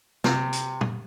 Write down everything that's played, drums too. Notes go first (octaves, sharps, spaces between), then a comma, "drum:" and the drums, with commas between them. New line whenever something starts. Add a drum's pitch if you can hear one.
C3, drum: snare
drum: hi-hat
drum: tom